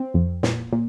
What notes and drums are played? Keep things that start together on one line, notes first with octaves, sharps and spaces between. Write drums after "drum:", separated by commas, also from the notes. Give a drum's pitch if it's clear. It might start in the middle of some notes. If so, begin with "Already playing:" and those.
Already playing: C4
F2
A#2, drum: snare
A#2